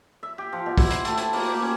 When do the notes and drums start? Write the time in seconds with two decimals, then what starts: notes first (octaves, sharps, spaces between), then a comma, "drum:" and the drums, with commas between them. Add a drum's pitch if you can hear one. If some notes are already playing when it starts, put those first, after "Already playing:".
0.23 E5
0.38 G4
0.53 F3
0.66 B2
0.78 E4, drum: kick, open hi-hat
0.91 C6, drum: hi-hat
1.05 A3, drum: hi-hat
1.18 A5, drum: hi-hat
1.33 A#3, drum: open hi-hat
1.46 G4
1.62 C#4